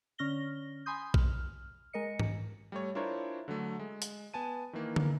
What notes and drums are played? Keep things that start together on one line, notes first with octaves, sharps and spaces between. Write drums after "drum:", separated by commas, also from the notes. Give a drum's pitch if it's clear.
D3 C#4 F6 A#6 G7
G#5 B5 C6 D#6 G6
F6, drum: kick A#1
G#3 A#4 D#5 C#7
drum: tom G#2
G3 A3 C#5
D4 E4 F4 A#4 C5 C#5
D3 F#3 A3
G#3
drum: hi-hat
B3 G#5 A5 D#7
D#3 E3 A#3
drum: tom